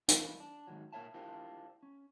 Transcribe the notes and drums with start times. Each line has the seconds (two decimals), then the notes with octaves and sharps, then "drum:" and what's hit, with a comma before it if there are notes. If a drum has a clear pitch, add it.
0.08 E3 G3 D4 F4 B4 D5, drum: hi-hat
0.40 D4
0.67 G#2 D#3 F#3
0.92 A#2 A#4 C#5 E5 A5
1.14 D4 E4 F4 G4 A#4 C5
1.83 C#4